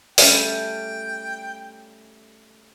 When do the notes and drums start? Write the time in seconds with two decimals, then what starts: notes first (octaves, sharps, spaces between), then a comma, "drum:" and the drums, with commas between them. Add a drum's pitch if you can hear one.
0.18 G3 A3 C#4 G5, drum: open hi-hat